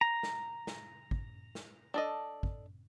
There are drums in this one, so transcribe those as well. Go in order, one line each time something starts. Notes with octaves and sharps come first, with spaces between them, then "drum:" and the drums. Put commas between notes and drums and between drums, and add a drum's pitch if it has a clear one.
A#5
drum: snare
drum: snare
drum: kick
drum: snare
D4 A4 D#5
drum: kick